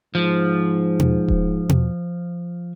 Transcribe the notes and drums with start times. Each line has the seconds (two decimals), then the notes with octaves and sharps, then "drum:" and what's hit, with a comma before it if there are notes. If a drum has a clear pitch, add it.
0.15 G#2 F3
1.00 drum: tom
1.28 drum: kick D#1
1.69 drum: tom